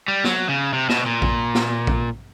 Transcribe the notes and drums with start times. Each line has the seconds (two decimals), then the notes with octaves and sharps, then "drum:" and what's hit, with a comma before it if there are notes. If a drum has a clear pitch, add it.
0.08 G3
0.24 F#3, drum: snare
0.49 C#3
0.73 C3
0.89 B2, drum: snare
1.06 A#2
1.22 drum: kick A#1
1.55 drum: snare
1.87 drum: kick A#1